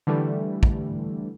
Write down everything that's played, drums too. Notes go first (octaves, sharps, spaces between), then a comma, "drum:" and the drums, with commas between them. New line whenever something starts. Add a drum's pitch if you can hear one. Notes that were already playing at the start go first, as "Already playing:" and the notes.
D3 E3 G3 A3
drum: kick